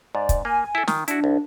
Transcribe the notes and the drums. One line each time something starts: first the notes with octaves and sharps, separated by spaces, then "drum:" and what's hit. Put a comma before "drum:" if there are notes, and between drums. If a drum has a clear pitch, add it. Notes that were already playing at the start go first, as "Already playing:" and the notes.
G#2 D5
drum: kick, hi-hat
A#3 G#5
E4 A4
D#3, drum: snare
D4 E4 F#4, drum: hi-hat
C2